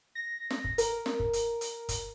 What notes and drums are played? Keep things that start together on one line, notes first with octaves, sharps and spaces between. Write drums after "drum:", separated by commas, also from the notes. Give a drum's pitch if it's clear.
A#6
drum: snare
drum: kick
A#4, drum: hi-hat
drum: snare
drum: kick
drum: hi-hat
drum: hi-hat
drum: kick, hi-hat